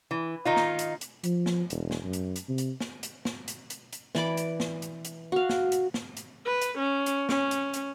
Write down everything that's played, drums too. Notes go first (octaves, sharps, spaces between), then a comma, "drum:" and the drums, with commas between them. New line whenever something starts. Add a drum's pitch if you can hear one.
E3
D#3 D#4 F4
drum: snare
drum: hi-hat
drum: hi-hat
F3, drum: hi-hat
drum: snare
E1, drum: hi-hat
drum: snare
F#2
drum: hi-hat
drum: hi-hat
C3
drum: hi-hat
drum: snare
drum: hi-hat
drum: snare
drum: hi-hat
drum: hi-hat
drum: hi-hat
E3 D5 B5 D6, drum: snare
drum: hi-hat
drum: snare
drum: hi-hat
drum: hi-hat
F#4 F5
drum: snare
drum: hi-hat
drum: snare
drum: hi-hat
B4
drum: hi-hat
C#4
drum: hi-hat
C#4, drum: snare
drum: hi-hat
drum: hi-hat